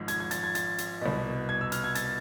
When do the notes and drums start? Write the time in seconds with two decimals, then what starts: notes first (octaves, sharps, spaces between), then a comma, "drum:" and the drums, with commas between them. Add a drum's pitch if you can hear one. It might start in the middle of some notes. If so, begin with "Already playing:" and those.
Already playing: G#1 G#2 F3
0.08 G#6, drum: hi-hat
0.20 G#6
0.31 A6, drum: hi-hat
0.44 G#6
0.55 A6, drum: hi-hat
0.78 drum: hi-hat
1.01 C2 B2
1.49 G#6
1.61 E6
1.72 F6, drum: hi-hat
1.84 G#6
1.95 A6, drum: hi-hat